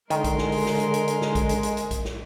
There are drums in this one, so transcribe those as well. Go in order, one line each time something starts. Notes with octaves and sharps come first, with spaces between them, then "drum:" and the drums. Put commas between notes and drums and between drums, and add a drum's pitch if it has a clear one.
D3 D#3 G#3 A#4 C6, drum: hi-hat
drum: kick A#1, hi-hat
drum: snare
drum: open hi-hat
drum: snare
drum: hi-hat
drum: hi-hat
drum: hi-hat
drum: snare
drum: kick A#1, hi-hat
drum: hi-hat
drum: hi-hat
drum: hi-hat
drum: kick A#1, hi-hat
drum: snare